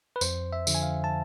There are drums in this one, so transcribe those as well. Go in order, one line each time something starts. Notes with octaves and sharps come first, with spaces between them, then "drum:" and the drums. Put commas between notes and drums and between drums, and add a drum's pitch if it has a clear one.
B4
F2 C5, drum: tambourine
E5
D3 F3, drum: tambourine
G#5
F5
A5